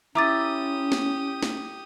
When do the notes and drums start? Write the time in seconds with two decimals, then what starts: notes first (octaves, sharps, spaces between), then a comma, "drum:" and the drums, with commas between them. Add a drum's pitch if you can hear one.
0.15 C#4 E4 G4 A#5 D6 D#6 A6
0.92 drum: snare
1.43 drum: snare